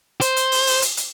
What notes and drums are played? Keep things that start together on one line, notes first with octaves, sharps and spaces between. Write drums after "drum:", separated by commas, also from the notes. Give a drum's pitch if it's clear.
C5, drum: hi-hat
drum: hi-hat
drum: open hi-hat
drum: open hi-hat
drum: hi-hat
drum: hi-hat